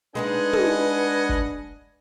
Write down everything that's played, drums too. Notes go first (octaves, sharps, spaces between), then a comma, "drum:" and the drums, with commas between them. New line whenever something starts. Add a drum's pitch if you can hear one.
G#3 D4 D#4 G#4 B4 D#5 F#5 G#5
drum: tom
drum: kick